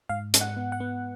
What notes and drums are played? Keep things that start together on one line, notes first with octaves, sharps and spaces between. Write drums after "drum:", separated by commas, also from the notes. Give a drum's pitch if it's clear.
G#2 F5
G#2, drum: hi-hat
F#5
B3
F#5
B3